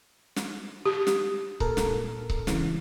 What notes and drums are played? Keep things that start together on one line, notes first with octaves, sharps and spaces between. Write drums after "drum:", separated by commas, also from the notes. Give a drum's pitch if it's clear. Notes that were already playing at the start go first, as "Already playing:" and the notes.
drum: snare
G4
drum: snare
A#2 A4 A#4, drum: kick C#1
drum: snare
drum: kick C#1
C#3 E3, drum: snare